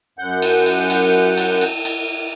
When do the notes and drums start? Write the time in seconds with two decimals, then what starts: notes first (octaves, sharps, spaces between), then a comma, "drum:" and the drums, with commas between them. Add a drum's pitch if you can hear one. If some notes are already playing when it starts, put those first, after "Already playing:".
0.19 F#2 F#5 G6
0.42 drum: cymbal
0.66 drum: cymbal
0.90 drum: cymbal
1.38 drum: cymbal
1.61 drum: cymbal
1.85 drum: cymbal